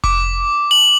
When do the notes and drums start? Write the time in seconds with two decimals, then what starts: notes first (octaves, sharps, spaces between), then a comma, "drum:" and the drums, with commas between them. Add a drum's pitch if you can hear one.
0.04 D6, drum: kick F1
0.71 F#7